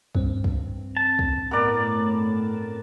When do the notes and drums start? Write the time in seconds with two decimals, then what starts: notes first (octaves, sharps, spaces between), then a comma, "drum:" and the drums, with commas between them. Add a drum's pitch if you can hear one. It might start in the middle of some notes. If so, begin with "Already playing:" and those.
0.15 G2 C4, drum: kick
0.44 drum: kick
0.97 A5
1.19 drum: kick
1.51 A2 B3 A#4 D5